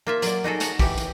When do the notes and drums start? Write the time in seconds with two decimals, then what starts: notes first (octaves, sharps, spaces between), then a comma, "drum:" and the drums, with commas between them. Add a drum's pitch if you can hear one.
0.07 A#3 F4 E5
0.22 F#3 D5, drum: hi-hat
0.44 D#4 F#4 G#4 A4
0.60 C#5 F#5 A5 A#5, drum: hi-hat
0.79 E3 G4, drum: kick A#1, open hi-hat
0.98 drum: hi-hat